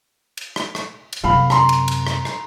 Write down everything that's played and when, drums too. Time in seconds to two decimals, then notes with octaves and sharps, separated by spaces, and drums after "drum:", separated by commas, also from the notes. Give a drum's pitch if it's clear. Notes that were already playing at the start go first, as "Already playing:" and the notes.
0.37 drum: cymbal
0.56 drum: rim click
0.75 drum: rim click
1.13 drum: cymbal
1.24 F#2 C3 F5 B5
1.50 A#5 C6, drum: rim click
1.69 drum: cymbal
1.88 drum: cymbal
2.07 drum: rim click
2.25 drum: rim click